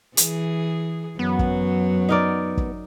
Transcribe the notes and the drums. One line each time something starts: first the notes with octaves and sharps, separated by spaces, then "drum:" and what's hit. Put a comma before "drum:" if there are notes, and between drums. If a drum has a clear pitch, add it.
E3 G#4, drum: hi-hat
F#2 F#3 B3
drum: kick
D#4 A#4 D5
drum: kick